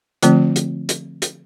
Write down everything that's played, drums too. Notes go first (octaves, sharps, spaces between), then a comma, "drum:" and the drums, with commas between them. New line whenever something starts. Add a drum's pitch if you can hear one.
D3 F3 A3 C4 F4, drum: hi-hat
drum: hi-hat
drum: hi-hat
drum: hi-hat